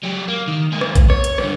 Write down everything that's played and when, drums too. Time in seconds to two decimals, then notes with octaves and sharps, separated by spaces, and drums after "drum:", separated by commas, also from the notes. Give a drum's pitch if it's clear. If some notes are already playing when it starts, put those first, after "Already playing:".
0.04 F#3 G4
0.28 A#3
0.48 D#3
0.72 G#3 A#3
0.81 drum: rim click
0.96 drum: kick A#1, hi-hat
1.10 C#5, drum: rim click
1.24 drum: hi-hat
1.38 G2 D3, drum: rim click